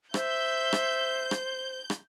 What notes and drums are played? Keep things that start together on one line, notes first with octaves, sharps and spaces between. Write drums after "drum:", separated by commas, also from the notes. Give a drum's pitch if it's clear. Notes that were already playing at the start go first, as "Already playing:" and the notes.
C5 E5 G6, drum: rim click
drum: rim click
drum: rim click
drum: rim click